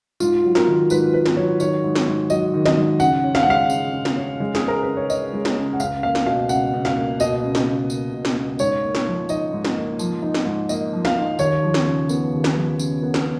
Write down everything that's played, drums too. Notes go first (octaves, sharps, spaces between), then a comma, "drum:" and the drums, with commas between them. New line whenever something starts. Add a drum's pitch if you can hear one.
G#2 F4, drum: tambourine
F#3
A#4, drum: snare
D#3
G#2 B4, drum: tambourine
G#2 B4
drum: snare
F#3 C#5
D#3 C#5, drum: tambourine
G#2
drum: snare
G#2
F#3 D#5, drum: tambourine
D#3
D#5, drum: snare
G#2
C#3 F#5, drum: tambourine
C#4
F5, drum: snare
F#5
G#3 F5
C#3, drum: tambourine
C#3
drum: snare
C#4
G#3
G#4, drum: snare
C#3 A#4
B4
C#3
C#5
C#4 D#5, drum: tambourine
G#3
drum: snare
C#3
F#5
C#2 F5, drum: tambourine
A#3 F5
drum: snare
B2 F5
C#2 F#5, drum: tambourine
C#2
F5, drum: snare
A#3
B2 D#5, drum: tambourine
C#2
drum: snare
C#2
A#3, drum: tambourine
B2
drum: snare
C#2
G#2 C#5, drum: tambourine
A#3
drum: snare
F3
D#4 D#5, drum: tambourine
G#2
drum: snare
A#3
F3, drum: tambourine
D#4
drum: snare
G#2
A#3 D#5, drum: tambourine
F3
F5, drum: snare
D#4
D#2 C#5, drum: tambourine
F3
drum: snare
C#3
B3, drum: tambourine
D#2
drum: snare
F3
C#3, drum: tambourine
B3
drum: snare